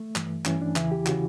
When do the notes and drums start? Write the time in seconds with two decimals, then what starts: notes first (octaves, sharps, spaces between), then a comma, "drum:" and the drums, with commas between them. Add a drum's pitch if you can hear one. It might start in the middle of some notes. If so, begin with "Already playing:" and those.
Already playing: A3
0.16 G2 E3, drum: clap
0.46 G2 E3 C#4, drum: clap
0.61 D4
0.76 E2 C#3 E3 E4, drum: clap
0.91 G4
1.07 C#3 E3 F#4, drum: clap